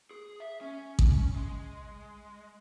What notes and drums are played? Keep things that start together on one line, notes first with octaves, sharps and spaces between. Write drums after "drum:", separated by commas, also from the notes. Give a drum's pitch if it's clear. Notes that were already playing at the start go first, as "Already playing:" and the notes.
G#4
E5
C#4
drum: kick A1
G#3